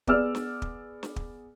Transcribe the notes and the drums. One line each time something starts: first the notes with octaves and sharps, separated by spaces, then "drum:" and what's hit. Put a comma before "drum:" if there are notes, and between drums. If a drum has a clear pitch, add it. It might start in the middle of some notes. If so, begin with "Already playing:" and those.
B3 G#4 D5 E6 F6, drum: kick
drum: snare
drum: kick
drum: snare
drum: kick